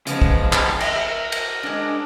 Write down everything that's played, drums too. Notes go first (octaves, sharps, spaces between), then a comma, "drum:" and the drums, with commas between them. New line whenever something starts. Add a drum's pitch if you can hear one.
C#3 F3 G#3 B4, drum: hi-hat
drum: kick
drum: clap
A#4 E5 G5, drum: cymbal
drum: cymbal
G#3 D4